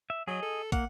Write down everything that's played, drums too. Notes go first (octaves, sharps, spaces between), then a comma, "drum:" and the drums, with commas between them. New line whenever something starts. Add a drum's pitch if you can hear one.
E5
F#3 G#4 D#5
A4
A#3 F#5, drum: kick, hi-hat